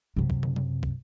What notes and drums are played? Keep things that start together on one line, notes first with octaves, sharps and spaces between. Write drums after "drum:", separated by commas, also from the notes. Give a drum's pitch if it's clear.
F#2 C3
drum: kick
drum: tom
drum: tom F#3
drum: kick